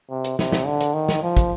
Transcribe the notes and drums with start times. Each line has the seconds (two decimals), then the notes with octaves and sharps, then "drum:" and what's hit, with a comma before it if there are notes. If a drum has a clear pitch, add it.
0.10 C3
0.24 drum: hi-hat
0.39 C3, drum: snare
0.52 drum: snare
0.66 D3
0.80 drum: hi-hat
0.94 D#3
1.09 drum: snare
1.23 F3
1.37 drum: kick, hi-hat